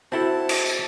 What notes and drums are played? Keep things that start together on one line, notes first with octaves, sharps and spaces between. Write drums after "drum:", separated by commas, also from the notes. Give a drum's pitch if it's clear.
C4 E4 F#4 A4 F#5 A5
drum: cymbal
drum: tambourine